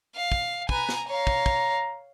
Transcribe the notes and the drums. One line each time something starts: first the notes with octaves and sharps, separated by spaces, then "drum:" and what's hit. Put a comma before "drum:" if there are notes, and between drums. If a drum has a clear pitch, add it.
F5
drum: kick
B4 G#5 A#5, drum: kick
drum: snare
C#5 F5 A#5
drum: kick
drum: kick